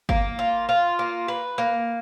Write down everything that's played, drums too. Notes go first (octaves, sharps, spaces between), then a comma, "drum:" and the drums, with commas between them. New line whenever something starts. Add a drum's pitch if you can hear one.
A#3, drum: kick G1
F4
F4
A#3
B4
A#3